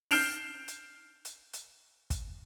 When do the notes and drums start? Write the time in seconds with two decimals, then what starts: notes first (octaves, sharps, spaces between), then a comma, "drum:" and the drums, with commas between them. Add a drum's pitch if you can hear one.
0.11 F6 G6 C7 D7 E7 F7, drum: open hi-hat
0.68 drum: hi-hat
1.25 drum: hi-hat
1.53 drum: hi-hat
2.10 drum: kick, hi-hat